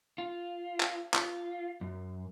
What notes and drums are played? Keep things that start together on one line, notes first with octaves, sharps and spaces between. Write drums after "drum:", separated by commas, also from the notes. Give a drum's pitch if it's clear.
F4
drum: clap
F4, drum: clap
F#2